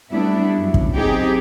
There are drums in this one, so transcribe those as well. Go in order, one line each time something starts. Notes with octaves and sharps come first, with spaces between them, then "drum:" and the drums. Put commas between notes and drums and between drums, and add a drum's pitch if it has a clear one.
G3 A3 B3 D4 E4
F#2
drum: kick
C4 D#4 G4 G#4